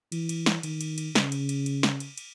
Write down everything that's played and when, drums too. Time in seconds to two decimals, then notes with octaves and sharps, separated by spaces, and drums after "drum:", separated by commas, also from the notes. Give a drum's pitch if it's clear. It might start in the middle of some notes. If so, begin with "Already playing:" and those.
0.12 E3, drum: cymbal
0.29 drum: cymbal
0.46 drum: snare
0.63 D#3, drum: cymbal
0.81 drum: cymbal
0.98 drum: cymbal
1.15 C#3, drum: snare
1.32 drum: cymbal
1.49 drum: cymbal
1.66 drum: cymbal
1.83 drum: snare
2.00 drum: cymbal
2.18 drum: cymbal